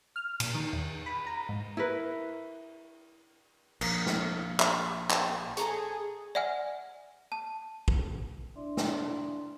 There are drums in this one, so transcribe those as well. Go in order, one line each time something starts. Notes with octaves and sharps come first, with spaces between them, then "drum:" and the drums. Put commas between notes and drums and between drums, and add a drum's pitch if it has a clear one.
F6
A#2, drum: cymbal
D#3
E2
B5
A#5
G#2
E4 A#4 B4
A#1 A#4 F5, drum: cymbal
drum: snare
E5, drum: clap
drum: clap
G#4 A4 A#5 C#6, drum: hi-hat
D5 E5 F#5 G#5 F6
A5
drum: kick
D4 E4 D5 E5 C6
drum: snare